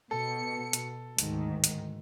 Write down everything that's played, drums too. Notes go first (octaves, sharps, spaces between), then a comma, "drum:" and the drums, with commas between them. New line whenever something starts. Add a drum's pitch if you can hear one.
B2 A4 C#7
drum: hi-hat
D2 G#2 D#3, drum: hi-hat
drum: hi-hat